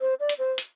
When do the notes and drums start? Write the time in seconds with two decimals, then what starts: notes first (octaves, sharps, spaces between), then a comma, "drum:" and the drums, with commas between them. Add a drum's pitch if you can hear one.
0.01 C5
0.20 D5
0.29 drum: hi-hat
0.39 C5
0.58 drum: hi-hat